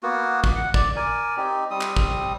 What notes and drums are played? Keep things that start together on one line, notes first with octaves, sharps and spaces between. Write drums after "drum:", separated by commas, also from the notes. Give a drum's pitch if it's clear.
A#3 B3 F#4
drum: kick
F#5
D5, drum: kick
A#4 D5 G#5
C4 D#4 G4
G3 C4 D#6
drum: clap
drum: kick